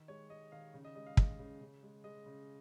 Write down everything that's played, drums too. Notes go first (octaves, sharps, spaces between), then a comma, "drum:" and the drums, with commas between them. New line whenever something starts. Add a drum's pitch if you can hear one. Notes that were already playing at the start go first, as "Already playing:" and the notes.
Already playing: D#3
G#3 C#5
G#3 D#5
D#3 F5
C#3
D#5
G#3 D#5
F5
G#3, drum: kick
C#3
C#3
G#3
G#3 D#5
C#3